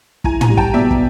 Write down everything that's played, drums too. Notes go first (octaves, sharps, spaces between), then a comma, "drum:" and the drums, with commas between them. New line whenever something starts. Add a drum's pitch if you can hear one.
E4 G#5 A#5, drum: kick
G#5 A#5, drum: tom
G3
G5 A5, drum: kick
B2 D5 E5
drum: kick